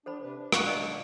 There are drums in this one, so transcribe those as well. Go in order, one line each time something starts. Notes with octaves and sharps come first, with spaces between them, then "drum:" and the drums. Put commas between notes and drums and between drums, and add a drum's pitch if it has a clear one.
D4 A4 C5 B5
C3 D4 B4
D4
C#4 F5 F#5 C#6, drum: rim click
A4 D5 D#5